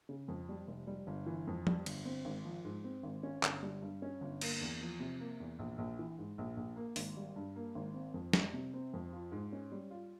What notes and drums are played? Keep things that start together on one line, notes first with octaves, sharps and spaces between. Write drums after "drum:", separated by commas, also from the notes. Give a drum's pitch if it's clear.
C#3
F2
G3
F1
G3
G1
E3
F2
G3, drum: tom
G1, drum: cymbal
C4
G#1
F3
G#2
C4
G#1
C#4
G1, drum: clap
G3
G2
C#4
G1
A#3, drum: cymbal
E2
F3
C3
A#3
E2
A#1
A#1
E3
G#2
A#1
A#1
A#3
G#1, drum: open hi-hat
G3
G2
A#3
G#1
C4
F2
G3, drum: snare
C3
C4
F2
F4
G#2
C#4
G3
F4